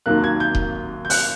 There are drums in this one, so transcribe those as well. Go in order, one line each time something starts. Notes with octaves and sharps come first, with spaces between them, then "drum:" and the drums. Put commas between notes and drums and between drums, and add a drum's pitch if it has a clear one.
D#2 D#3 F#3 A#3 F#6
G#6
G6
drum: kick D#1
G6
F#6, drum: open hi-hat